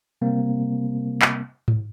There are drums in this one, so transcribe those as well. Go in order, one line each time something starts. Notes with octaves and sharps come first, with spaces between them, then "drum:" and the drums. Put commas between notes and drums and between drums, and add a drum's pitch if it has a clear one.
C3 G3 A#3 C4
drum: clap
drum: tom G#2